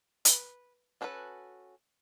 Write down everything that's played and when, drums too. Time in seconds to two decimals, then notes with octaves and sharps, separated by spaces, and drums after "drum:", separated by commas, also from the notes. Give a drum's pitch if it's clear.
0.25 B4, drum: hi-hat
1.01 C#4 D4 F#4 A4 B4